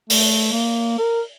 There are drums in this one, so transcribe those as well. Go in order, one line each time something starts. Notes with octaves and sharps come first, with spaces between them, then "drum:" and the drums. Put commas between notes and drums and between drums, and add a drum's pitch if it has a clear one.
A3, drum: open hi-hat
A#3
A#4